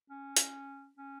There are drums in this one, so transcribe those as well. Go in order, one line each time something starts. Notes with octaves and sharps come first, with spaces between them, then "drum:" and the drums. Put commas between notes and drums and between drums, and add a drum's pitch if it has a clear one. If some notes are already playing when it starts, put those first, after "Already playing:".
C#4
drum: hi-hat
C#4